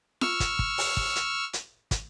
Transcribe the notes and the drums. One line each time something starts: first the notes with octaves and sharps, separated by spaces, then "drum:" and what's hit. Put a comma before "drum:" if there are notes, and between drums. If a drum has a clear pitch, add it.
C#6 E6 F6, drum: snare F4
drum: kick, hi-hat
drum: kick
drum: open hi-hat
drum: kick
drum: hi-hat
drum: hi-hat
drum: kick, hi-hat